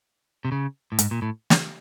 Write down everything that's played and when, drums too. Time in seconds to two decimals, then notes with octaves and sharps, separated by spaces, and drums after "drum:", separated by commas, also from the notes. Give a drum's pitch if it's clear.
0.45 C3
0.52 C#3
0.92 A2
0.99 G#2, drum: hi-hat
1.11 A#2
1.22 A2
1.50 drum: snare